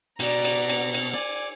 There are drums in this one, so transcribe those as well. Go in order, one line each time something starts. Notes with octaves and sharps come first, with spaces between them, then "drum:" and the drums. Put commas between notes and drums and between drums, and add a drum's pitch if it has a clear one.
B2 D5 A#5, drum: cymbal
drum: cymbal
drum: cymbal
drum: cymbal
D5 G#5